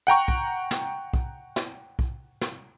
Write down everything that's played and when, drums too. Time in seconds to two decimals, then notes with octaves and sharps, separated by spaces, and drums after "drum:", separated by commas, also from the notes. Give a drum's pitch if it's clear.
0.07 F#5 G5 A#5 C#6
0.28 drum: kick B1
0.71 drum: snare
1.13 drum: kick B1
1.56 drum: snare
1.99 drum: kick B1
2.41 drum: snare